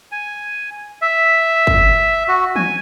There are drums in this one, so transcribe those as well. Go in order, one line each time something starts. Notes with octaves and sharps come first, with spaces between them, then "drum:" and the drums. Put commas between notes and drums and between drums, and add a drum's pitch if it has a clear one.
G#5
E5
drum: kick
F#4
G#5, drum: tom E3